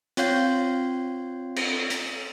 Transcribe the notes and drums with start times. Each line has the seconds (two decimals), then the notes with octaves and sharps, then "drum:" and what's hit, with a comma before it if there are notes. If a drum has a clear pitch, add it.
0.17 C4 F4 C#5 F5 G6, drum: hi-hat
1.56 drum: cymbal
1.90 drum: hi-hat